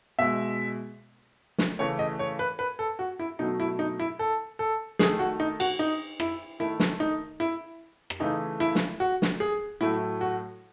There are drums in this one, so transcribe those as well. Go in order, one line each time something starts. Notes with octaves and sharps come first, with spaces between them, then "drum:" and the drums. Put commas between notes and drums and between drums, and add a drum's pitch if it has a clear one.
B2 G#3 E5
drum: snare
C#3 E3 A3 C#5
D#5
C#5
B4
B4
A4
F#4
E4
B2 F#3 A3 D#4
E4
D#4
E4
A4
A4
D#3 A3 G#4, drum: snare
F#4
D#4
F#4, drum: cymbal
D#4
E4, drum: rim click
D#3 A3 E4
drum: snare
D#4
E4
drum: rim click
C#3 E3 A3 D#4
E4
drum: snare
F#4
drum: snare
G#4
A2 F#3 A3 E4
F#4